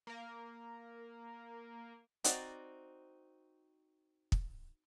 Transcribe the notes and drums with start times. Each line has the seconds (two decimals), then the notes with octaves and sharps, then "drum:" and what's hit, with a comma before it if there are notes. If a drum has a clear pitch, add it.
0.07 A#3 A#4
2.24 C4 D#4 F#4 D5, drum: hi-hat
4.32 drum: kick